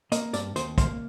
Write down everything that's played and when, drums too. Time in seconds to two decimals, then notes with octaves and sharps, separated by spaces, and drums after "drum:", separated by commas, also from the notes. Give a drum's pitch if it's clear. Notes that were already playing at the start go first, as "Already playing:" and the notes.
0.12 A#3 D#5, drum: hi-hat
0.33 G2 D5, drum: hi-hat
0.56 D#2 C5, drum: hi-hat
0.78 A#3 C5, drum: kick, hi-hat